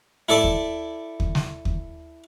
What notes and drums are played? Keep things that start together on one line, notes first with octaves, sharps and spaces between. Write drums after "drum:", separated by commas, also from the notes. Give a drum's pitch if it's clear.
E4 A4 D5 A5
drum: kick
drum: kick
drum: snare
drum: kick